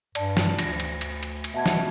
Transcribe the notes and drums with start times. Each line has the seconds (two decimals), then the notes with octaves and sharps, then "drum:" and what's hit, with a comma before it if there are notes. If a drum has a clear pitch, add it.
0.15 G2 D5 A5, drum: cymbal
0.37 drum: snare
0.59 D2 A#6, drum: cymbal
0.80 drum: cymbal
1.01 drum: cymbal
1.23 drum: cymbal
1.44 drum: cymbal
1.54 B2 E5 A5 G#6
1.66 drum: snare